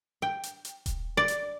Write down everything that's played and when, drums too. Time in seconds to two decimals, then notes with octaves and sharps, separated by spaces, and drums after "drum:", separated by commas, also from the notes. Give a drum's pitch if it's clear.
0.22 G5
0.43 drum: hi-hat
0.65 drum: hi-hat
0.86 drum: kick D#1, hi-hat
1.17 D5
1.28 drum: hi-hat